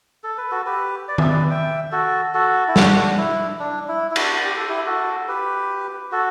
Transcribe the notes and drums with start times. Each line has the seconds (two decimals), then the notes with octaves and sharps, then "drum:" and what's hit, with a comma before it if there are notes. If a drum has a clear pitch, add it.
0.24 A4
0.38 B4
0.51 F#4 A4
0.66 G4 B4
1.08 D5
1.18 E5, drum: tom
1.29 B4 D5
1.50 E5 G5
1.92 F#4 A4
2.34 F#4 A4
2.68 E4
2.76 D4 F#4, drum: snare
3.18 E4
3.60 D4
3.88 E4
4.11 E4
4.16 D4 F#4, drum: cymbal
4.44 G4
4.56 A4
4.69 E4 G4
4.86 F#4 A4
5.28 G4 B4
6.12 F#4 A4